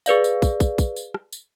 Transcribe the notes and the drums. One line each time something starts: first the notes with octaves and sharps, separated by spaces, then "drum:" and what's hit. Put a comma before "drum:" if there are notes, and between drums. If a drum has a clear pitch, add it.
G#4 B4 D5 F5, drum: tambourine
drum: tambourine
drum: kick, tambourine
drum: kick, tambourine
drum: kick, tambourine
drum: tambourine
drum: rim click
drum: tambourine